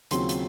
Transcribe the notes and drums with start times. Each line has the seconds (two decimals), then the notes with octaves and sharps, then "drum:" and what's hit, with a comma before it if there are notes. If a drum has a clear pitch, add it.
0.11 D#2 C#3 F#3 C4 F4 C6, drum: hi-hat
0.29 drum: hi-hat